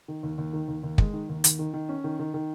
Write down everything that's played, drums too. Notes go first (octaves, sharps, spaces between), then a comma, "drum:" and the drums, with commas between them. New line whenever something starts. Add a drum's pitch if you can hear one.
D#3
D#2
D#2
D#3
D#2
D#2
G#3, drum: kick
D#3
D#2
D#2, drum: hi-hat
D#3
D#3
C#4
D#3
D#3
D#3